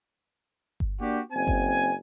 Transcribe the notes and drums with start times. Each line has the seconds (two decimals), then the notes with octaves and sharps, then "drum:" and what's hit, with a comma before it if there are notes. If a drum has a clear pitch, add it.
0.80 drum: kick G1
1.00 A#3 D4 F#4 G4
1.33 F#1 C4 G#5
1.47 drum: kick G1